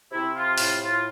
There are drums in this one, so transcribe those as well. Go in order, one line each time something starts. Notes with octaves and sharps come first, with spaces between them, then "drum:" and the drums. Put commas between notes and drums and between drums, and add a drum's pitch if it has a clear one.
C3 E4
F4
A2 F4, drum: open hi-hat
F4